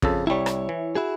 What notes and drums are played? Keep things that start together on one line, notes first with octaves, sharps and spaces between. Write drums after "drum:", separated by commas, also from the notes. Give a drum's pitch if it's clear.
F2 C#3 A4, drum: kick
C2 G3 E4 C#5
drum: rim click
E3
E4 F#4 G#4